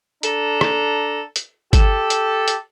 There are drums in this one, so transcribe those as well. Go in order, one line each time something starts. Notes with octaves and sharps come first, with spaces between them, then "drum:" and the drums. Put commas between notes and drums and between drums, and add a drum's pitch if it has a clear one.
D4 A4 A#5, drum: hi-hat
drum: rim click
drum: hi-hat
G4 A4, drum: kick, hi-hat
drum: hi-hat
drum: hi-hat